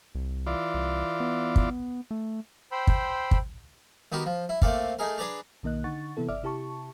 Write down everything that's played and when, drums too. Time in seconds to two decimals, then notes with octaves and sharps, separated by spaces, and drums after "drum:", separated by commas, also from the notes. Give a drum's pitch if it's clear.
0.15 C2
0.47 E3 F4 D5
0.74 C2
1.20 B3
1.56 drum: kick
2.11 A3
2.72 C5 G5 B5 C6 E6
2.87 drum: kick
3.31 drum: kick
4.12 D#3 B3 F#4 G4 A#4
4.26 F3
4.49 E4
4.62 A3 A#3 C4 A4 D5 F5, drum: kick
4.99 A3 D#4 G#4 A#4
5.18 D4 G#4 B4 D5 A#5
5.63 B1 D#3 A#3 D#5 F#6
5.84 D3 D#4 F#5 C#6 A6
6.17 C3 E3 B3 E4 A4
6.28 G1 D5 E5 D6 F6
6.43 C3 E4 G4 A5 C#6